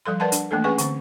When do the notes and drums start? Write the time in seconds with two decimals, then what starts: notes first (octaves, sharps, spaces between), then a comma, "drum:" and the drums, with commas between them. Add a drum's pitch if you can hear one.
0.06 F3 G3 A4 C6
0.20 A#4 B4 D5 F#5 A5 C6
0.32 D4, drum: hi-hat
0.51 E3 A3 A#3 D4 A4
0.64 C#4 G#4 B4 F#5 G#5 C#6
0.78 D3 C4, drum: hi-hat